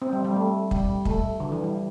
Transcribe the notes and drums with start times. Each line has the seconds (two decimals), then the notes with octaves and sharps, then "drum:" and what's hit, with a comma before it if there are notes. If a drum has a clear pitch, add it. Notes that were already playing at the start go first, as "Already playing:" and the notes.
0.02 C4
0.13 G3
0.25 G3
0.36 A3
0.71 G3, drum: kick
1.05 A3, drum: kick
1.40 D3
1.52 E3
1.64 G3